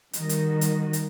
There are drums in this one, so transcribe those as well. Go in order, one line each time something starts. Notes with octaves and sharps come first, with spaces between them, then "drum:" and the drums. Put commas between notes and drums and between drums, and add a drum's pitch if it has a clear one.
D#3 G3 F#4 D#5, drum: hi-hat
drum: hi-hat
drum: hi-hat
drum: hi-hat